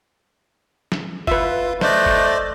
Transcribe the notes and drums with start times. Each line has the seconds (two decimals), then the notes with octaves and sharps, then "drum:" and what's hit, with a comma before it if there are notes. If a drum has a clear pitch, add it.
0.92 drum: snare
1.27 F4 B4 E5, drum: kick F#1
1.81 A3 C5 D5 D#5 F#6 G6, drum: snare
2.06 drum: kick F#1